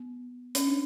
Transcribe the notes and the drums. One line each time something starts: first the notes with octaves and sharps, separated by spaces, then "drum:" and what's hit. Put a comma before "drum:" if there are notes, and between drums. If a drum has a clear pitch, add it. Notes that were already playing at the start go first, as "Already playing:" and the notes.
Already playing: B3
C#4, drum: hi-hat
D4